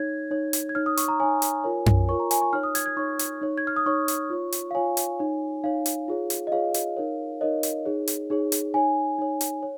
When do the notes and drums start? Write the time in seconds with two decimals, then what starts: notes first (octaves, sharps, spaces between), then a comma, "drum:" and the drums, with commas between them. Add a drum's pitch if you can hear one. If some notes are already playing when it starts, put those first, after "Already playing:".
Already playing: D#4 C#5 G#6
0.31 D#4 C#5
0.53 drum: hi-hat
0.69 G#6
0.75 D#4 C#5 F6
0.86 D#6
0.97 C#6, drum: hi-hat
1.08 A#5
1.20 D#4 C#5 G#5
1.42 drum: hi-hat
1.64 F4 A#4 C#5
1.86 drum: tom F#2
2.08 F4 A#4 C#5 C#6
2.19 A#5
2.31 G#5, drum: hi-hat
2.42 C#6
2.53 D#4 C#5 F6
2.63 D#6
2.75 G#6, drum: hi-hat
2.86 G#6
2.97 D#4 C#5 C#6
3.19 drum: hi-hat
3.42 D#4 C#5
3.58 G#6
3.67 F6
3.76 D#6
3.86 D#4 C#5 C#6
4.08 drum: hi-hat
4.30 F4 C#5
4.52 drum: hi-hat
4.71 F5
4.75 F4 C#5 G#5
4.97 drum: hi-hat
5.19 D#4 C#5
5.64 D#4 C#5 F5
5.86 drum: hi-hat
6.08 F4 G#4 C#5
6.30 drum: hi-hat
6.47 D#5
6.52 F4 G#4 C#5 F5
6.74 drum: hi-hat
6.97 D#4 A#4 C#5
7.41 D#4 A#4 C#5 D#5
7.63 drum: hi-hat
7.85 D#4 G#4 C#5
8.08 drum: hi-hat
8.30 D#4 G#4 C#5
8.52 drum: hi-hat
8.74 D#4 C#5 G#5
9.19 D#4 C#5
9.41 drum: hi-hat
9.63 C#5